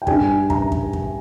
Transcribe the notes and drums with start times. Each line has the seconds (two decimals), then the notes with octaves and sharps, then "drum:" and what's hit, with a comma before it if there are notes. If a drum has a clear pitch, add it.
0.02 G5
0.07 G2 G3 G#5, drum: kick
0.50 A#5, drum: kick
0.72 drum: kick
0.93 drum: kick